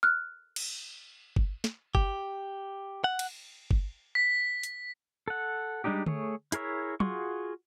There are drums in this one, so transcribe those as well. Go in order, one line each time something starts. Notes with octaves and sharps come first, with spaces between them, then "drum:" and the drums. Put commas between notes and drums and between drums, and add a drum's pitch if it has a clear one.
F6 F#6
drum: cymbal
drum: kick
drum: snare
G4, drum: kick
F#5
drum: cymbal
drum: kick
B6
drum: hi-hat
A4 F#5
G3 G#3 D4 D#4 G4
A3 G#4 C#5, drum: tom D3
E4 G#4 A#4 C#5 E5, drum: hi-hat
F4 F#4 G#4 C6 C#6, drum: tom